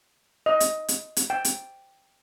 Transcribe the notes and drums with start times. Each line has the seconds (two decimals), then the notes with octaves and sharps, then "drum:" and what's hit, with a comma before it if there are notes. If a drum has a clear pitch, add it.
0.46 D#5
0.60 drum: hi-hat
0.88 drum: hi-hat
1.17 drum: hi-hat
1.30 G5
1.45 drum: hi-hat